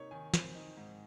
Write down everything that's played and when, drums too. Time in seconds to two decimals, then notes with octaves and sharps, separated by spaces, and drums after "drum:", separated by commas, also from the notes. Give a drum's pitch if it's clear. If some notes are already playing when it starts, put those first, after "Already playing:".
Already playing: C3 A#3 D#4 C#5
0.11 D#3 G#5
0.34 C4, drum: snare
0.55 D#4
0.77 G#2